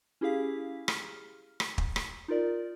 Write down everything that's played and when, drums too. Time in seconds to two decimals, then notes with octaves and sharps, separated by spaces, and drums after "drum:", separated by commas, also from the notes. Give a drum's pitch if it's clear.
0.21 C#4 E4 G4 G#4 F5 B6
0.88 F6, drum: rim click
1.60 drum: rim click
1.78 drum: kick
1.96 drum: rim click
2.28 D#4 F4 A#4 D5